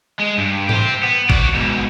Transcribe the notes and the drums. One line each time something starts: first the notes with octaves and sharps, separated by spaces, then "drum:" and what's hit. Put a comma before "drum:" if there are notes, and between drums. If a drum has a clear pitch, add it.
G#3
G2
G4 C5, drum: tom G#2
B3
F#4 D5, drum: kick G#1
G#2 B2